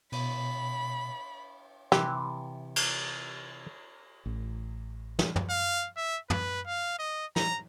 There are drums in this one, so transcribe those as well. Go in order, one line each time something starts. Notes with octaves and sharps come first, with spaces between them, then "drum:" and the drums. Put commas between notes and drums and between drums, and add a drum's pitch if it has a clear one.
B2 B5, drum: cymbal
C3 E3 G4, drum: snare
drum: cymbal
A1
drum: snare
drum: tom
F5
E5
B4, drum: tom
F5
D#5
A#5, drum: snare